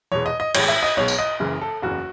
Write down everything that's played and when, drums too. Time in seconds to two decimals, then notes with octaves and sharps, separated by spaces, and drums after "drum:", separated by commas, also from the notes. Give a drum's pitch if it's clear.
0.12 E2 B2 G#3 C#5
0.26 D#5
0.40 D#5
0.54 A1 A2 E3 G#3 C#5, drum: cymbal
0.68 E5
0.83 D#5
0.97 B1 B2 G#3 C#5
1.08 drum: tambourine
1.19 D#5
1.40 F#1 F#2 C#3 E3 G#3
1.61 A4
1.82 F#1 E2 C#3 F#4